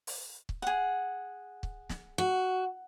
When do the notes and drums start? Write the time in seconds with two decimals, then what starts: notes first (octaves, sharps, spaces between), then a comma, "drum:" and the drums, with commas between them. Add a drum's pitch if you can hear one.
0.07 drum: open hi-hat
0.49 drum: kick
0.62 G#4 F#5
1.63 drum: kick
1.89 drum: snare
2.18 F#4